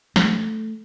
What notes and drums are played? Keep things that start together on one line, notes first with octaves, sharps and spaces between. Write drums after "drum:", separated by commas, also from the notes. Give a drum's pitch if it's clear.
A3, drum: snare